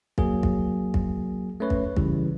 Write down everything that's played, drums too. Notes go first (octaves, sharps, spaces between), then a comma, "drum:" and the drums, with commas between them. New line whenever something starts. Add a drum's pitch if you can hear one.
F#3 A#3 G#4, drum: kick
drum: kick
drum: kick
A3 C#4 B4 C#5
drum: kick
C#3 E3 G3, drum: kick